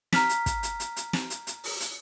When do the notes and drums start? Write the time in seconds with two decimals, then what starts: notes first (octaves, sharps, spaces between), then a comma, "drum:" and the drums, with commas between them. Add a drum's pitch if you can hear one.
0.13 A#5 F6 B6, drum: snare
0.29 drum: hi-hat
0.46 drum: kick, hi-hat
0.63 drum: hi-hat
0.80 drum: hi-hat
0.96 drum: hi-hat
1.13 drum: snare
1.30 drum: hi-hat
1.47 drum: hi-hat
1.64 drum: open hi-hat
1.80 drum: hi-hat